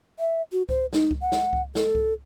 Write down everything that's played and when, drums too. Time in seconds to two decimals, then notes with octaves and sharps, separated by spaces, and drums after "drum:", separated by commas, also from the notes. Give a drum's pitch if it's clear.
0.19 E5
0.52 F#4
0.69 C5, drum: kick C#2
0.93 D#4, drum: snare
1.11 drum: kick C#2
1.21 F#5
1.32 drum: snare
1.53 drum: kick C#2
1.75 A4, drum: snare
1.95 drum: kick C#2